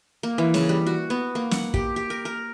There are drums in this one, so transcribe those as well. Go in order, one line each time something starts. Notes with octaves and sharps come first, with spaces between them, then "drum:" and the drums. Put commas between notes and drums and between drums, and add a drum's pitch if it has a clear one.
A#3
E3
C#3, drum: snare
G3
F#4
B3
A#3
F#5, drum: snare
G4, drum: kick
G4
A#4
A#4